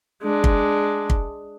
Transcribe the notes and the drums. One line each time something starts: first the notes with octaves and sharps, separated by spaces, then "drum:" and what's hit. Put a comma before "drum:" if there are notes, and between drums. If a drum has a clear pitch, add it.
G#3 D4
drum: kick
drum: kick